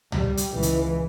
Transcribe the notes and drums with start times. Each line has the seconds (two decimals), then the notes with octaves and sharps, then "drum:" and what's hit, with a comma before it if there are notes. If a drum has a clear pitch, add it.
0.12 G3, drum: tom C#2
0.37 drum: hi-hat
0.53 C#2 E3
0.63 drum: hi-hat